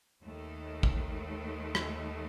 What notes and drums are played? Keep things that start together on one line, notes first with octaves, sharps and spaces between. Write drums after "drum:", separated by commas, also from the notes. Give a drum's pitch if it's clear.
D#2 D#3 A3
drum: kick A1
drum: rim click